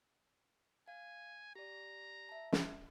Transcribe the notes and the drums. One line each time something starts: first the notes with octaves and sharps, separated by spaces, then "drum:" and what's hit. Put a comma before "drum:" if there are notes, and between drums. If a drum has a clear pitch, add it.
F5 G#5
G4 D5 A#5
E5 A5
drum: snare